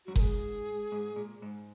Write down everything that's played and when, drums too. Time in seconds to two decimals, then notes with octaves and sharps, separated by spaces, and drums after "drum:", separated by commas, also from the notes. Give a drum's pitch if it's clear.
0.06 F#2 F#4
0.16 G#2 G#4 A#4, drum: kick F#1
0.92 G#2
1.16 A#2
1.42 G#2